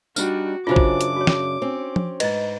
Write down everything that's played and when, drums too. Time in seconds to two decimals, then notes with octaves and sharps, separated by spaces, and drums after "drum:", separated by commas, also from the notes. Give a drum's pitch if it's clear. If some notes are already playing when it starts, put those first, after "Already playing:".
0.16 G3 D4 D#4 F#4 F6, drum: tambourine
0.67 F#2 C#3 D4 F4 F#4 C5 D6
0.76 drum: kick
1.01 drum: hi-hat
1.17 F#4 C#5
1.27 drum: snare
1.62 C4 C#4
1.96 drum: tom F3
2.20 G#2 B4 D#5 A6, drum: cymbal